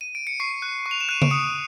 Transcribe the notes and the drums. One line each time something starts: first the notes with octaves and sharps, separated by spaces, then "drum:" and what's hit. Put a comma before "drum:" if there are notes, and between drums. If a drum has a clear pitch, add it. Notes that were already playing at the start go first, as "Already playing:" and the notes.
D#7
D7
C#7
C#6 C7
F#6
C#6
F7
E7
F#6 D#7
D7, drum: tom C#3
D#6 C#7